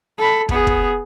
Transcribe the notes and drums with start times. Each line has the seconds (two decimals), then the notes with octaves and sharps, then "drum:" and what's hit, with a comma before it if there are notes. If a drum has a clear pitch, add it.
0.18 A4 B5
0.49 B3 G#4, drum: kick
0.67 drum: kick